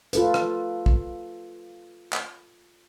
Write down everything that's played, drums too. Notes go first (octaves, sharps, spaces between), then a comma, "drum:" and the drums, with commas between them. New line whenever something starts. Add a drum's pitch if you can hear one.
F4 A4 B4, drum: hi-hat
drum: rim click
drum: kick
drum: clap